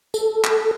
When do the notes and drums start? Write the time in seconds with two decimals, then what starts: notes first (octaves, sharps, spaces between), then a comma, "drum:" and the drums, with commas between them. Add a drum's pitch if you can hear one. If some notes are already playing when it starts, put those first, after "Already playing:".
0.14 A4, drum: tambourine
0.44 drum: clap